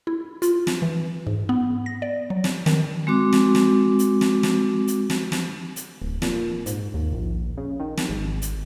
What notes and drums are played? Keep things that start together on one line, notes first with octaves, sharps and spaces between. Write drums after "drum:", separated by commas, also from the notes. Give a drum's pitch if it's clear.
E4
F4, drum: hi-hat
drum: snare
E3
G#2
B3
A#6
D5
F#3
drum: snare
D#3, drum: snare
G#3 C4 F#4 D6
drum: snare
drum: snare
drum: hi-hat
drum: snare
drum: snare
drum: hi-hat
drum: snare
drum: snare
drum: hi-hat
D1
A#2, drum: snare
G#2, drum: hi-hat
D#2
A#1
C#3
D#3
drum: snare
G#1
drum: hi-hat